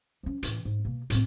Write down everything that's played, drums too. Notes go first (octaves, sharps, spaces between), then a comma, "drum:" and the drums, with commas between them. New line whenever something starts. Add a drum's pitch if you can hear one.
F3 C#4
A2 E3, drum: hi-hat
G#2
B2 A#3
A2 C4, drum: hi-hat